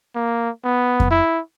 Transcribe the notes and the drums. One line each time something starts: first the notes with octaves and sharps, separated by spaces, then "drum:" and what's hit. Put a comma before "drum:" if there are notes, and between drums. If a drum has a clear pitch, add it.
A#3
B3
drum: kick F2
E4